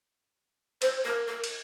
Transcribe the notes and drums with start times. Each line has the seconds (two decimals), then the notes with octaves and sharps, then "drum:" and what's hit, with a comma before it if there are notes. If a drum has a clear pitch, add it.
0.82 C5, drum: cymbal
1.05 A#4
1.28 A#4
1.44 drum: cymbal